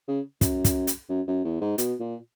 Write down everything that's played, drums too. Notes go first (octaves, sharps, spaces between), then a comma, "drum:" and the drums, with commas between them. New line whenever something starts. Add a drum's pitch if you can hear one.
C#3
F#2, drum: kick, hi-hat
drum: kick, hi-hat
drum: hi-hat
F#2
F#2
E2
G#2
B2, drum: hi-hat
A#2